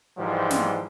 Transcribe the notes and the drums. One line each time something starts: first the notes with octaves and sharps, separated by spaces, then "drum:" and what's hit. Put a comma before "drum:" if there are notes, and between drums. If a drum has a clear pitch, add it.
G#2 E3 F3 G3
drum: snare